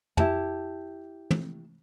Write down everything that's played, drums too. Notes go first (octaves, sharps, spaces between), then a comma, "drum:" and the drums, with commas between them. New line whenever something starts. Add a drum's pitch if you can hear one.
E4 G4 A5, drum: tom
drum: tom